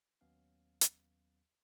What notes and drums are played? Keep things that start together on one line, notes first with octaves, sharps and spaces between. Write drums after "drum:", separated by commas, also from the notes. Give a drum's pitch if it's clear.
D#2 F#3 B3 C#4 F5
drum: hi-hat